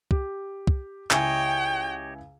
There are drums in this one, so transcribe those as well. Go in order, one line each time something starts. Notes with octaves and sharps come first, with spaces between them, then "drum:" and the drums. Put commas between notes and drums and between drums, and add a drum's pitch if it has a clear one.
G4, drum: kick
drum: kick
C#2 E4 G4 C#5 D#5 G5 G#5, drum: clap